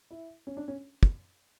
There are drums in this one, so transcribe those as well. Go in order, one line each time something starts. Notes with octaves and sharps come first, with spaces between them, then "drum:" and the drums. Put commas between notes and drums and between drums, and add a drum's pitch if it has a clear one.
E4
C#4
D4
C#4
drum: kick